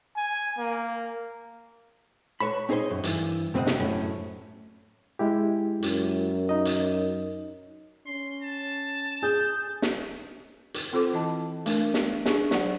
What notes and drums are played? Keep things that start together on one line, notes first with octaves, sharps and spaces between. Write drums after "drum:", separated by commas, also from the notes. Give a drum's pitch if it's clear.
G#5
A#3
B4 C#5 A5 B5
C4 D#4 G#4 C5 C#5 D#5
F#2
G2 E3, drum: hi-hat
G2 C3 C4 D#4 D#5 F#5
drum: snare
F#2 A2 C#4
G#3 E4 G4
F#2, drum: hi-hat
D#4 D#5
drum: hi-hat
C#4 C6
A5
G#4 G6
drum: snare
drum: hi-hat
C4 F4 A4 C5 D6
E3 E4 D#5 A5
A3 D4 A#4, drum: hi-hat
A3 B3, drum: snare
D4 G#4 C#6, drum: snare
F#3 D5 F#5, drum: snare